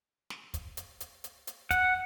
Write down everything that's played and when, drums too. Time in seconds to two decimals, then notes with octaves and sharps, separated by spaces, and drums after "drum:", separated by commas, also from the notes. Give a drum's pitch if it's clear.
0.30 drum: snare
0.54 drum: kick, hi-hat
0.77 drum: hi-hat
1.00 drum: hi-hat
1.24 drum: hi-hat
1.47 drum: hi-hat
1.71 F#5, drum: kick, hi-hat